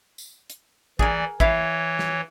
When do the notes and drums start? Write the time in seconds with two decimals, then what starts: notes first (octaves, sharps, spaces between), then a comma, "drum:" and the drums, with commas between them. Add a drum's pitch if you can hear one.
0.18 drum: tambourine
0.50 drum: hi-hat
0.99 E3 G#4 A#4 D5, drum: kick A1
1.40 E3 E4 C#5 F5, drum: kick A1
1.99 drum: snare